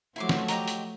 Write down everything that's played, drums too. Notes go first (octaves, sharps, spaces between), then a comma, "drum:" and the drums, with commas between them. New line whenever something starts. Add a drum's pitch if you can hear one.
F3 F#3 A3 E4 C6 D6
drum: snare
G4 D#5 A#5, drum: hi-hat
drum: hi-hat